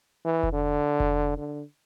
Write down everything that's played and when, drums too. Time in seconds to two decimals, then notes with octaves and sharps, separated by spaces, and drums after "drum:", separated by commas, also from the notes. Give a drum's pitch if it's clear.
0.25 E3
0.43 drum: kick F1
0.53 D3
1.00 drum: kick F1
1.38 D3